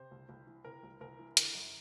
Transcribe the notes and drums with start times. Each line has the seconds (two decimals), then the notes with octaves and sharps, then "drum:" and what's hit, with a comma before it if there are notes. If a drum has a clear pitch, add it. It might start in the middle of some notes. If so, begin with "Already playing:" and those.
Already playing: C3 C5
0.11 C2
0.29 C2
0.47 E3
0.65 C3 A#4
0.83 C2
1.01 C2 A#4
1.19 E3
1.37 D3 A#4, drum: hi-hat
1.55 F#2